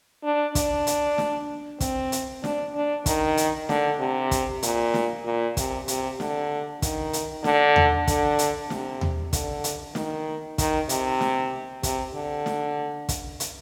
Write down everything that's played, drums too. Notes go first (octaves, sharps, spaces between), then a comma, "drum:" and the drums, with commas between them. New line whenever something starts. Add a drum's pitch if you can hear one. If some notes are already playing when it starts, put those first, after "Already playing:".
D4
D4, drum: kick, hi-hat
drum: hi-hat
drum: snare
C4, drum: kick, hi-hat
drum: hi-hat
D4, drum: snare
D4
D#3, drum: kick, hi-hat
drum: hi-hat
D3, drum: snare
C3
drum: kick, hi-hat
A#2, drum: hi-hat
drum: snare
A#2
C3, drum: kick, hi-hat
C3, drum: hi-hat
D3, drum: snare
D#3, drum: kick, hi-hat
drum: hi-hat
D3, drum: snare
drum: tom D#2
D3, drum: kick, hi-hat
drum: hi-hat
C3, drum: snare
drum: tom D#2
D3, drum: kick, hi-hat
drum: hi-hat
D#3, drum: snare
D#3, drum: kick, hi-hat
C3, drum: hi-hat
drum: snare
C3, drum: kick, hi-hat
D3
drum: snare
drum: kick, hi-hat
drum: hi-hat